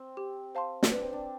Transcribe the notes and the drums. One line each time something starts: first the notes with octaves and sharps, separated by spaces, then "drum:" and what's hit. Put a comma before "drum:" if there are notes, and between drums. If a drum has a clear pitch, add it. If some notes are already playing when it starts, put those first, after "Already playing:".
Already playing: C4
G4
C5 F5 A5 C6
drum: snare
D4 B4
C4
D4